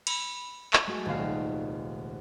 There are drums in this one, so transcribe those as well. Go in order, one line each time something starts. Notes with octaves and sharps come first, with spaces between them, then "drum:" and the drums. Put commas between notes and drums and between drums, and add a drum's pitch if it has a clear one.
B5, drum: cymbal
drum: clap
G#3 A3 F#4
D#1 C2 C4 F5